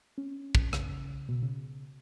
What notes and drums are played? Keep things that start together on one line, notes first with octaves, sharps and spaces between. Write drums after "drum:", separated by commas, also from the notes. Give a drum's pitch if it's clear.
C#4
drum: kick
C#3, drum: rim click
B2
C#3